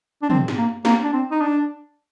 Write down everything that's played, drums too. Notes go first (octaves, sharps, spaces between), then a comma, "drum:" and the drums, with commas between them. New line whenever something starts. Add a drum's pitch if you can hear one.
D4
C4, drum: tom
drum: snare
A#3
A#3, drum: snare
D4
C4
D#4
D4